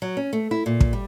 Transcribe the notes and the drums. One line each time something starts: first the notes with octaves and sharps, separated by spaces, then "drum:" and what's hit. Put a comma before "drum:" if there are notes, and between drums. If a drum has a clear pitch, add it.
F#3
C#4
A3
E4
A#2
drum: kick
G3